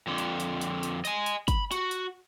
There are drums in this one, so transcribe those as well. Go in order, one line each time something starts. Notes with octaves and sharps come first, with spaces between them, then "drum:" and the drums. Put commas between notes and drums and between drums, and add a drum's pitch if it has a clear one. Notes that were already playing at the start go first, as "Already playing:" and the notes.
F2 D3
drum: hi-hat
drum: hi-hat
drum: hi-hat
drum: hi-hat
D#5 G#5, drum: hi-hat
drum: hi-hat
B5, drum: kick, hi-hat
F#4, drum: hi-hat
drum: hi-hat